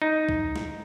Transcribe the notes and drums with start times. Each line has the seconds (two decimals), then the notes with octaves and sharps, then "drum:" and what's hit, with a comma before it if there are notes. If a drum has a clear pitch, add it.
0.02 D#4
0.29 drum: kick
0.56 drum: snare